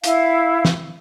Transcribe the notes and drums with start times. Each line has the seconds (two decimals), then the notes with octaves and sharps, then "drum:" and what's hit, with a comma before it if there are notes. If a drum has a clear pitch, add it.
0.04 E4 F5, drum: hi-hat
0.65 drum: snare